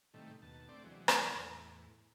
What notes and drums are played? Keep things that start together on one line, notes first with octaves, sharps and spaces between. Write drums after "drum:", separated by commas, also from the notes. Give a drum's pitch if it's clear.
A2 C3 D#3 G3 A3
D#2 B2 A5
A3 C4 D4 D5
C3 E3 F#3 G#3
drum: rim click
E2 A2